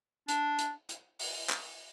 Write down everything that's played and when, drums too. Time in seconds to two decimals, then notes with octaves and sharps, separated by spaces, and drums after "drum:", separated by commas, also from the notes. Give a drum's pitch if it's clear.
0.28 D4, drum: hi-hat
0.58 drum: hi-hat
0.89 drum: hi-hat
1.19 drum: open hi-hat
1.50 drum: clap